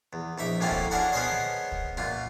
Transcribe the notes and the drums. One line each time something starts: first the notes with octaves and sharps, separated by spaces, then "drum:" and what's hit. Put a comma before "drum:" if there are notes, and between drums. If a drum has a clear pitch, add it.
E2
A#1 D#4 E5 D6
F#2 A2 A#3 C4 C#4 F4
drum: kick
C#4 D4 F#4 G#4 A#4 F#5
B3 G#4 A#4 C5 C#5 D#5
drum: snare
drum: kick
F#2 A#2 F4